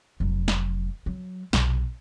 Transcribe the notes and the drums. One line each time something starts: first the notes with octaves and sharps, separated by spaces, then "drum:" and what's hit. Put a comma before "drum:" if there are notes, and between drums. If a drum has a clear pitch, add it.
F1 F#3
drum: snare
F#3
B1 C3, drum: snare